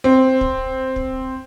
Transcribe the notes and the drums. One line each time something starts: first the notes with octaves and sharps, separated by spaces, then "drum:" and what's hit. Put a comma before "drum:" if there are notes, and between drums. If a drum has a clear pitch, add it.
C4
drum: kick
drum: kick